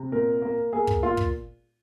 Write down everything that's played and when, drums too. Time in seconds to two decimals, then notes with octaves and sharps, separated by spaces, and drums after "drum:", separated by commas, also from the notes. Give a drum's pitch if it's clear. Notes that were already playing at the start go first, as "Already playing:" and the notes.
Already playing: C3
0.12 A#2 A#4
0.42 A#3
0.73 A#3 G#4
0.87 drum: kick
1.03 A#2 F4
1.17 drum: kick